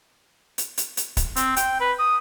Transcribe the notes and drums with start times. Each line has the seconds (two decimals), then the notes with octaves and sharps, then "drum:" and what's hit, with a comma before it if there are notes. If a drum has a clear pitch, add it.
0.58 drum: hi-hat
0.78 drum: hi-hat
0.97 drum: hi-hat
1.17 drum: kick D1, hi-hat
1.36 C4, drum: hi-hat
1.56 G5, drum: hi-hat
1.81 B4
1.99 D#6